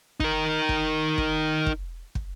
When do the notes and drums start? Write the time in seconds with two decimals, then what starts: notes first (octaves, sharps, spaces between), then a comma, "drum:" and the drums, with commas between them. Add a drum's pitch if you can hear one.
0.20 D#4 A#4, drum: kick
0.69 drum: kick
1.18 drum: kick
1.66 drum: kick
2.15 drum: kick